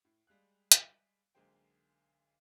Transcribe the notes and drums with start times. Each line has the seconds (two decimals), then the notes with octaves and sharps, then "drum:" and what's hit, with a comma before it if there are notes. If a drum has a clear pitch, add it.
0.05 A2
0.27 G3 G#3 F5 F#6
0.72 drum: hi-hat
1.35 B1 D3 G#3 A#3 C5 G5